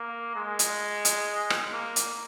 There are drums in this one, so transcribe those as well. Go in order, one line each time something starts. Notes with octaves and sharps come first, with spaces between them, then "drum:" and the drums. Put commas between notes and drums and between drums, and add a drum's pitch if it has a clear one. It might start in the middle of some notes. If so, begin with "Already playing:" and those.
Already playing: A#3
G#3
drum: hi-hat
drum: hi-hat
drum: rim click
A#3
drum: hi-hat